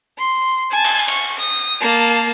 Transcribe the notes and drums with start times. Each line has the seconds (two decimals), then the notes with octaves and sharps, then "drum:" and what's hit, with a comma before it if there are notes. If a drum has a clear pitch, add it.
0.18 C6
0.71 G#5 A5
0.85 drum: cymbal
1.08 C#6, drum: cymbal
1.39 D#6
1.81 A#3 A5